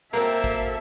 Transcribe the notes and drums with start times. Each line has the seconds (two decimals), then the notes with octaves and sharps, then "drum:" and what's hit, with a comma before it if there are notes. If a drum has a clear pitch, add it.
0.13 A#3 C4 F#4 A4 A#4 E5
0.44 drum: kick